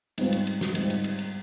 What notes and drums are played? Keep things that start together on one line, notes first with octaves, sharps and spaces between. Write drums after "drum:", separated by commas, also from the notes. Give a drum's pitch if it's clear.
G#2 G3 C4 F4, drum: cymbal
drum: cymbal
drum: cymbal
drum: snare
G#2 G3 C4 F4, drum: cymbal
drum: cymbal
drum: cymbal
drum: cymbal